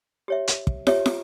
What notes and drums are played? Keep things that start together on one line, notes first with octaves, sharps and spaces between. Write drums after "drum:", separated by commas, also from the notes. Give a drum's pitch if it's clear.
G4 C#5 E5
drum: hi-hat
drum: kick
G4 C#5 E5, drum: snare
drum: snare